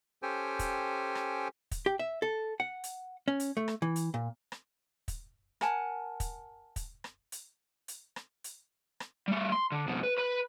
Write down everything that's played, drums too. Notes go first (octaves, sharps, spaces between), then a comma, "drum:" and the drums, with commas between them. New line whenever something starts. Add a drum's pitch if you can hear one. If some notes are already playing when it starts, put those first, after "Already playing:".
C#4 G4 A4 C5 G5 G#5
drum: kick, hi-hat
drum: rim click
drum: kick, hi-hat
G4
E5
A4
F#5
drum: hi-hat
C#4
drum: hi-hat
A3
drum: rim click
E3
drum: hi-hat
A#2
drum: rim click
drum: kick, hi-hat
A#4 F#5 G#5 A5, drum: rim click
drum: kick, hi-hat
drum: kick, hi-hat
drum: rim click
drum: hi-hat
drum: hi-hat
drum: rim click
drum: hi-hat
drum: rim click
G3 A3
C6
D3
F2 B2
B4
B4 B5